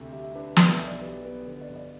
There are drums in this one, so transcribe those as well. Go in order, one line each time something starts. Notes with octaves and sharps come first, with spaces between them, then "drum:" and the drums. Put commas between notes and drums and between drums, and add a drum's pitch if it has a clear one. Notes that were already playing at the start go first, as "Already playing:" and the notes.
Already playing: D2 C3 E5
G3 E5
E5
D4 B4
B2 D5, drum: snare
E5
B1
D5
G3 B4
B3
D3 B4
D5
G2
D5